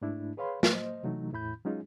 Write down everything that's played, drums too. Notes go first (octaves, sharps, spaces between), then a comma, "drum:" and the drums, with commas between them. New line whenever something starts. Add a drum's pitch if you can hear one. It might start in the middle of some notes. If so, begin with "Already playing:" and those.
G#2 A3 D4 E4
G#4 B4 C#5 F5 B5 C6
drum: snare
C5 D#5
C3 E3 F#3 A3 D#4
E2 A2 E4 B5 G6
F#3 G#3 C#4 D#4 F4 G#4